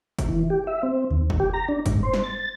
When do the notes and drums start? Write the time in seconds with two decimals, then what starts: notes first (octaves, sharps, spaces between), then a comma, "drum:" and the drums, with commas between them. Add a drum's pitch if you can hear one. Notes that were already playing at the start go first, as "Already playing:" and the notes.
0.19 drum: kick, hi-hat
0.29 E3
0.50 G4
0.67 E5
0.83 C4
1.11 D#2
1.30 drum: kick
1.40 G4
1.54 A#5
1.68 D4
1.86 G#2, drum: kick, hi-hat
2.03 C5
2.13 drum: snare
2.24 A6